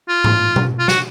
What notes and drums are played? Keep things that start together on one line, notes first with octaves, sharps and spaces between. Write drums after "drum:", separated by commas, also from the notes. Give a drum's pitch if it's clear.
F4
drum: tom G#2
drum: tom B2
F4
F#4, drum: snare